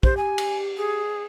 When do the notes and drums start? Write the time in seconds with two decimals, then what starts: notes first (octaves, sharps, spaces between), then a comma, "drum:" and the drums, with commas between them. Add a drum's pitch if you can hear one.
0.03 G4 C5, drum: kick
0.17 G#5
0.38 drum: cymbal
0.77 G#4